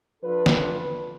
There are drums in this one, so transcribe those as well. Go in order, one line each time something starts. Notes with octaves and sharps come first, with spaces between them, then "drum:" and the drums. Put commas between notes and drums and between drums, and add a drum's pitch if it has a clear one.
F3 D4 F4 A4 B4
drum: snare